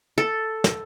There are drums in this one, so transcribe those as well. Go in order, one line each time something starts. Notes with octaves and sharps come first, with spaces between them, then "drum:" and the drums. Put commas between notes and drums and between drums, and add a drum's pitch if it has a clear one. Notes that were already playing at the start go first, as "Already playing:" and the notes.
A4
drum: snare